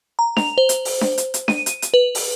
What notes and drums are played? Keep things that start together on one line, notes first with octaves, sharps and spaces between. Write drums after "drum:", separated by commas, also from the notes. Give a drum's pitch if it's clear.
A#5
F7, drum: snare D4
C5
drum: hi-hat
drum: open hi-hat
drum: snare D4
drum: hi-hat
drum: hi-hat
D#7, drum: snare D4
drum: hi-hat
drum: hi-hat
B4
drum: open hi-hat